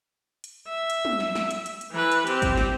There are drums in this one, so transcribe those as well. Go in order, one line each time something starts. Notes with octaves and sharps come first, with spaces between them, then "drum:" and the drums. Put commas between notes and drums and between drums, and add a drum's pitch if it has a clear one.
drum: hi-hat
E5
drum: hi-hat
drum: tom
drum: snare
drum: snare
drum: hi-hat
drum: hi-hat
drum: hi-hat
E3 B4
drum: hi-hat
C4 G4, drum: hi-hat
drum: kick G#1, hi-hat
drum: snare